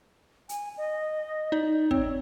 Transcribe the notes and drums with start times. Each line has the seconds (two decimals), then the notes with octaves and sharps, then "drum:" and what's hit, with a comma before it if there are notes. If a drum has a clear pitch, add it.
0.49 G#5, drum: hi-hat
0.78 D#5
1.52 D#4 D5
1.91 C4 C#5, drum: kick